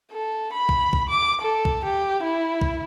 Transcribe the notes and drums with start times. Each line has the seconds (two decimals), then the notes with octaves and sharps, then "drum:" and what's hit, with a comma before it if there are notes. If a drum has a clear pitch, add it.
0.12 A4
0.53 B5
0.69 drum: kick
0.93 drum: kick
1.09 D6
1.41 A4
1.65 drum: kick
1.84 G4
2.23 E4
2.61 drum: kick